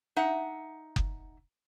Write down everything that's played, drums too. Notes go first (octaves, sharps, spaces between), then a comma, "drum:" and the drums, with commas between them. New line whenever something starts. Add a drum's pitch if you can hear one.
D#4 E5 F#5
drum: kick F#1